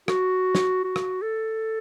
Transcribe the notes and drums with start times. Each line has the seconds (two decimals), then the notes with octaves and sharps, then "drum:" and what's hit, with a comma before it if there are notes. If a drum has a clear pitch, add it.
0.08 F#4, drum: rim click
0.55 drum: snare
0.84 F#4
0.96 drum: rim click
1.22 A4